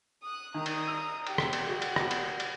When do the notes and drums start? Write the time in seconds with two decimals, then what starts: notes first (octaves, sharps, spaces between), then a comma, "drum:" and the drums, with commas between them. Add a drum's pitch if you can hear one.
0.23 D#6 F#6
0.54 D#3 A#5 D#6
0.66 drum: cymbal
0.87 E6
1.27 G4 F#5, drum: cymbal
1.38 drum: rim click
1.53 drum: cymbal
1.67 F#4 G#4
1.82 drum: cymbal
1.96 drum: rim click
2.11 drum: cymbal
2.40 drum: cymbal